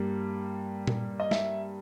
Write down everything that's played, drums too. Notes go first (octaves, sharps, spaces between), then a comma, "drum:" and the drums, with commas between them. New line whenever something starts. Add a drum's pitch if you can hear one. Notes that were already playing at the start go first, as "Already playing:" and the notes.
Already playing: G2 G3 A#3
drum: tom A#2
D#5
E5, drum: snare